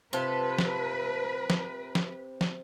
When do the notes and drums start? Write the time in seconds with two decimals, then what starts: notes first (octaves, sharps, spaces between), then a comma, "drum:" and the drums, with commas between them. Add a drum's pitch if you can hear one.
0.13 C3 F4 A4 B4
0.58 drum: snare
1.50 drum: snare
1.95 drum: snare
2.41 drum: snare